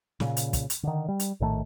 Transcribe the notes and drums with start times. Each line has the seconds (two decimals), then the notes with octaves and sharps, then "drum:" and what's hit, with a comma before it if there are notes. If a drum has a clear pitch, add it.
0.20 A#2 C#3, drum: snare
0.37 drum: hi-hat
0.53 drum: kick, hi-hat
0.70 drum: hi-hat
0.83 D3 D#3
1.08 G3
1.20 drum: hi-hat
1.40 A#1 A2 D#3 A3